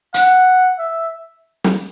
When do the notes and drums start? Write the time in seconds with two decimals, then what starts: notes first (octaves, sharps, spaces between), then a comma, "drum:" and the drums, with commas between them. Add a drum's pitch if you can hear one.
0.14 F#5, drum: hi-hat
0.79 E5
1.64 drum: snare